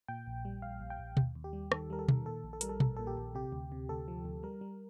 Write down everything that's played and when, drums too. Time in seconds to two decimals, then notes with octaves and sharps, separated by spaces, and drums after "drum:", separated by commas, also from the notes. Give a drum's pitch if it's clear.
0.08 A#2 G5
0.27 A#1
0.45 G3
0.62 A#1 F5
0.81 A#1
0.90 G5
0.99 A#1
1.17 D#2, drum: tom B2
1.35 D#2
1.44 G4
1.53 G3
1.72 D#3 A4, drum: rim click
1.90 G3 A#4
1.99 A4
2.09 D#3, drum: tom B2
2.26 A#2 A4
2.44 A#1
2.53 A4
2.61 G3 A#4, drum: hi-hat
2.69 A4
2.80 A#1 A4, drum: tom B2
2.96 A#2 A4
3.07 G4
3.17 A#1
3.35 C3 G4
3.52 D2
3.72 C3
3.89 D2 A4
4.08 F3
4.25 D2
4.43 G3 A#4
4.61 G3